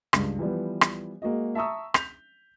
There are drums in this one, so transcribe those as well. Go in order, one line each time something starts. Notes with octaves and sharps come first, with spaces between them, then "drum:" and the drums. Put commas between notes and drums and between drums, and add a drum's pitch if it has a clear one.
C#2 G2, drum: rim click
E3 F3 G3 B3
drum: rim click
G#3 A#3 F#4 D#5
E5 A5 A#5 C#6 D#6 E6
G6 B6 F7, drum: rim click